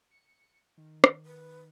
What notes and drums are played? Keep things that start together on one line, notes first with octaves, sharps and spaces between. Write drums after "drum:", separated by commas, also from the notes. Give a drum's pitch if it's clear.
C#7
D#3
drum: rim click
B4